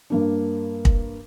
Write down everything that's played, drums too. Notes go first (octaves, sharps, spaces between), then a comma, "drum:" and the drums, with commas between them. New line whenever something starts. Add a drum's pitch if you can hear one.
G2 A#3 D4
drum: kick